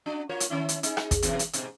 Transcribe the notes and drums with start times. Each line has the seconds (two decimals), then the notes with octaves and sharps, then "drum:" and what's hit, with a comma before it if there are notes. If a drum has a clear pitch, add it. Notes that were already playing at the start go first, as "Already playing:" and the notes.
0.06 D4 F#4
0.29 F4 A#4 C#5
0.40 drum: hi-hat
0.50 D#3 C#4 E4
0.69 drum: hi-hat
0.83 D#4 G#4, drum: hi-hat
0.97 drum: rim click
1.11 drum: kick, hi-hat
1.22 B2 E3 F#3, drum: hi-hat
1.39 drum: hi-hat
1.53 G#2 B2, drum: hi-hat